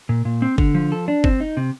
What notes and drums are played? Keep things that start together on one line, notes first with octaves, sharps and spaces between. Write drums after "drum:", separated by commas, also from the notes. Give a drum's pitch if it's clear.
A#2
A#2
C4
D3, drum: kick G1
F3
A4
D4
C4, drum: kick G1
D#4
C3